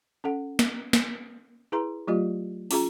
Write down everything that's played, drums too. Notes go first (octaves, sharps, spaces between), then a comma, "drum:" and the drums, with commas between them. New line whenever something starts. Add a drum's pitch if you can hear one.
C#4 A4 F#5
drum: snare
drum: snare
E4 G#4 B4 A#5 C6
F#3 A3 F4 G4 D#5
C#4 F4 G#4 A#5, drum: open hi-hat